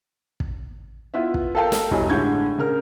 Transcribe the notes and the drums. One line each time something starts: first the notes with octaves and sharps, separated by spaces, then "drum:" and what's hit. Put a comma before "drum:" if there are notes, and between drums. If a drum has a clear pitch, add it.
drum: kick
B3 E4 F4 B4 E5
drum: kick
A4 A#4 F5 G5 A5
drum: snare
E1 G2 E4 C#5 D#5 G#5, drum: kick
A2 D3 G#3 C#6 G6 G#6
C#3 A#4 F6